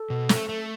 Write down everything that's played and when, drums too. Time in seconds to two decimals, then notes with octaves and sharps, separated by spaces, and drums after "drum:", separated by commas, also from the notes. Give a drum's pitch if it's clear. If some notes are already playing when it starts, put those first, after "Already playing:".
Already playing: A4
0.10 B2
0.29 A3, drum: snare
0.49 A3